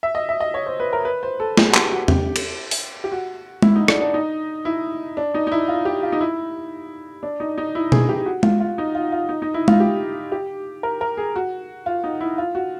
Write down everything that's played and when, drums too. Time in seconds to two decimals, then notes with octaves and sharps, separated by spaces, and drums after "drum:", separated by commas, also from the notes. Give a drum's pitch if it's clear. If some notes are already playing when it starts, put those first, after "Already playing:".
0.03 E5
0.15 D#5
0.29 E5
0.40 D#5
0.54 C#5
0.66 C5
0.80 B4
0.93 A#4
1.05 B4
1.23 C5
1.40 A4
1.57 G#4, drum: snare
1.70 F#4
1.75 G4, drum: clap
1.91 F#4
2.08 G4, drum: tom
2.36 drum: cymbal
2.71 drum: open hi-hat
3.04 G4
3.12 F#4
3.62 E4, drum: tom G#3
3.76 D#4
3.88 D4, drum: rim click
4.01 D4
4.14 D#4
4.65 E4
5.17 D4
5.34 D#4
5.47 D#4
5.52 E4
5.68 F4
5.85 G4
6.03 F4
6.12 D#4
6.21 E4
7.23 D4
7.40 D#4
7.58 D#4
7.75 E4
7.92 G#4, drum: tom B2
8.09 G4
8.26 F#4
8.43 F4, drum: tom G#3
8.60 F4
8.78 D#4
8.95 F4
9.12 F4
9.29 D#4
9.42 D#4
9.54 E4
9.68 F4, drum: tom G#3
9.80 G4
10.32 G4
10.83 A#4
11.01 A#4
11.17 G#4
11.36 F#4
11.86 F4
12.04 D#4
12.21 E4
12.38 F4
12.55 F#4